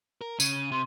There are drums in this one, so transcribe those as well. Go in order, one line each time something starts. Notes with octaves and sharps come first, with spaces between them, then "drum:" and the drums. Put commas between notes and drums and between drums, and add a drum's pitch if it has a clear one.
A#4
C#3 D#7, drum: tambourine
C3 C6